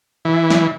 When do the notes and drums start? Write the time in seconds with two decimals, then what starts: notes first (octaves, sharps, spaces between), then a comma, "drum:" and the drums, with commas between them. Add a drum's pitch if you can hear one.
0.25 E3
0.50 drum: snare